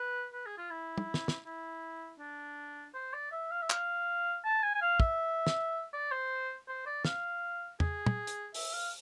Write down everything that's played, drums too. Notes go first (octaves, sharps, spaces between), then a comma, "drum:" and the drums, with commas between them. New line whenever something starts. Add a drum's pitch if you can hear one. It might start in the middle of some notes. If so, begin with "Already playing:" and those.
Already playing: B4
B4
G#4
F4
E4
drum: tom
drum: snare
drum: snare
E4
D4
C5
D5
E5
F5
E5
F5, drum: clap
A5
G#5
G#5
F5
E5, drum: kick
drum: snare
D5
C5
C5
D5
F5, drum: snare
G#4, drum: tom
drum: tom
drum: hi-hat
E5, drum: open hi-hat
F5